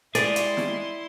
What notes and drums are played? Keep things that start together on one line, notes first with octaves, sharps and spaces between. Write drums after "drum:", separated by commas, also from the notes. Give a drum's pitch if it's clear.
G#3 E4 G4 G#4 D5 C6, drum: hi-hat
drum: hi-hat
drum: snare